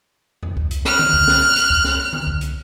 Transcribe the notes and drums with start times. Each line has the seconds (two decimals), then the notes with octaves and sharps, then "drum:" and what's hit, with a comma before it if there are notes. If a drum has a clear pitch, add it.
0.43 drum: tom E2
0.57 drum: kick C2
0.71 drum: hi-hat
0.85 F6 F#6, drum: snare
0.99 drum: tom D3
1.14 drum: kick C2
1.28 drum: snare
1.56 drum: hi-hat
1.70 drum: kick C2
1.84 drum: snare
2.13 drum: tom D3
2.27 drum: kick C2
2.41 drum: hi-hat